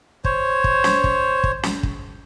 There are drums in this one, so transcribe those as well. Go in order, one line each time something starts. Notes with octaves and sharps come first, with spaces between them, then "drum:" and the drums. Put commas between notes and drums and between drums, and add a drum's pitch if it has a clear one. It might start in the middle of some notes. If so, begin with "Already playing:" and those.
C5 C#5, drum: kick
drum: kick
drum: snare
drum: kick
drum: kick
drum: snare
drum: kick